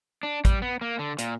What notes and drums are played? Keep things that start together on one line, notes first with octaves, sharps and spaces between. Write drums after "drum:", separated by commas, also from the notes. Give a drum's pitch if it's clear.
D4
G3, drum: kick, hi-hat
B3
A#3
D3
A#2, drum: hi-hat